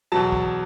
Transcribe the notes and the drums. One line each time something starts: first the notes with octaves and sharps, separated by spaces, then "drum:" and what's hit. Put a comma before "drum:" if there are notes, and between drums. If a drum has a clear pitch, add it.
E2 B2 F#3 A5
drum: kick